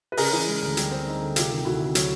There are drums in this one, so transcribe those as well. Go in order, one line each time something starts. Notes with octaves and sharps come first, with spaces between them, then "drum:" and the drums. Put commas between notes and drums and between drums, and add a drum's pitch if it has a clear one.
B4
C#3 G#4 A#4, drum: open hi-hat
E3
G#3
D2
G3, drum: hi-hat
C4
D#4
D3
C3 F4 G4, drum: hi-hat
D#3
D2 E4 F#4
D2
F#3, drum: hi-hat